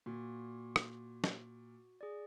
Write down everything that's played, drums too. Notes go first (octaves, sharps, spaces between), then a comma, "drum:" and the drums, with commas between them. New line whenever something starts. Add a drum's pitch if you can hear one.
A#2 F#4
drum: rim click
drum: snare
G#4 D5